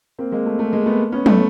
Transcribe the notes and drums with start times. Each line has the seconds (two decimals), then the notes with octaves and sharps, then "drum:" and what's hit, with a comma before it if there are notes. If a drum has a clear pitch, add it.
0.19 A#3 C4
0.32 G#3 A#3
0.46 A3
0.59 A3
0.72 G#3 A#3
0.86 A3 B3
1.12 B3 C#4
1.26 A3 B3, drum: tom